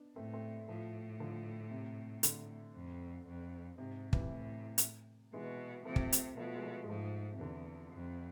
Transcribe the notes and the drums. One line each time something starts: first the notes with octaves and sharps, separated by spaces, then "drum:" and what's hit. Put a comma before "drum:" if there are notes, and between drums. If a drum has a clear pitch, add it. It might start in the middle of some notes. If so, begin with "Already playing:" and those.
Already playing: B3 D4
A2 A3 C4
A3 C4
A2 F3 A3
D3 F3
C3
D3, drum: hi-hat
F2
F2
G#2 C3
C3 E3, drum: kick
A2
drum: hi-hat
B2 E3 G#3
C3 F3 A3
drum: kick
drum: hi-hat
B2 F3 A3
G#3
F3 A3
G#3
G#2 F3 A3
C3
E2 D3
F2